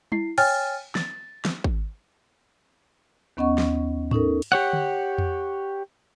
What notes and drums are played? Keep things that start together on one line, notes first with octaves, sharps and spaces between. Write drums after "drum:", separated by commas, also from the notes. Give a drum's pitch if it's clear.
E4 C7, drum: tom G3
C#5 G5 G#5 F6 A6, drum: cymbal
A6, drum: snare
drum: snare
drum: kick G#1
D#2 B3 C#4 D#5 F#5 C#6
drum: snare
C#4 D#4 A4 A#4, drum: tom G#2
drum: cymbal
G4 C#5 F#5
drum: tom D3
drum: tom E2